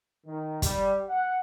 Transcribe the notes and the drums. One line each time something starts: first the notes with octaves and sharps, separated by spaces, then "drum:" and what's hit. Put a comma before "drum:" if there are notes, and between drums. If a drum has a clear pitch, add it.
D#3
G3, drum: kick, hi-hat
F#5